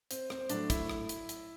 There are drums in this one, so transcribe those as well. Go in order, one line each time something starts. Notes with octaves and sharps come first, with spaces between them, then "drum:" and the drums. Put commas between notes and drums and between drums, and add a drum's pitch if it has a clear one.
C4, drum: hi-hat
C4, drum: rim click
A2 F#3 A3 D4, drum: hi-hat
E4, drum: kick, hi-hat
drum: rim click
drum: hi-hat
drum: hi-hat